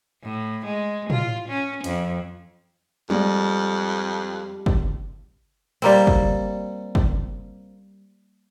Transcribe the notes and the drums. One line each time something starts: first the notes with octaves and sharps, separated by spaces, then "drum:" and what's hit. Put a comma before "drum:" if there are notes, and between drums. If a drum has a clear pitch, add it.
A2
G#3
F4, drum: tom A2
C#4
F2, drum: hi-hat
F2 G3 G#3, drum: tom
drum: kick
G3 A#3 C4, drum: cymbal
drum: kick
drum: kick